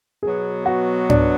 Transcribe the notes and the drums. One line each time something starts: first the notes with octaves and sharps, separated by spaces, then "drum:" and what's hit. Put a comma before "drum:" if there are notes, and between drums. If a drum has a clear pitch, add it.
B2 F#3 B3 G#4
F#4
D4, drum: tom G#2